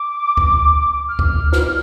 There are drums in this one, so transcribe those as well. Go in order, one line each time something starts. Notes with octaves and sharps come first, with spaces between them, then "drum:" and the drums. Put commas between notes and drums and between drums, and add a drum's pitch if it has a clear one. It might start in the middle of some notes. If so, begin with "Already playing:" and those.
Already playing: D6
drum: kick D2
F6
drum: kick D2
drum: snare